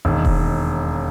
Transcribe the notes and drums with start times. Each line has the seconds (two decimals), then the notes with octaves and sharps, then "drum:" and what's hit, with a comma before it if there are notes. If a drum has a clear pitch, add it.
0.05 E1 D#2 D#3
0.25 drum: kick E1